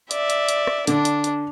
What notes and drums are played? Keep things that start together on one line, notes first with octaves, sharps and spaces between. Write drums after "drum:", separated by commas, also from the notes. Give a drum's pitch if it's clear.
D5 E5, drum: hi-hat
drum: hi-hat
drum: hi-hat
drum: rim click
D3 D4, drum: hi-hat
drum: hi-hat
drum: hi-hat